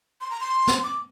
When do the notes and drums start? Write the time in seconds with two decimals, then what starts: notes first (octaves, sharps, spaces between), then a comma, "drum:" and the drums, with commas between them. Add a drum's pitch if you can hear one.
0.21 C6
0.30 A#5
0.40 C6
0.67 drum: snare
0.83 D6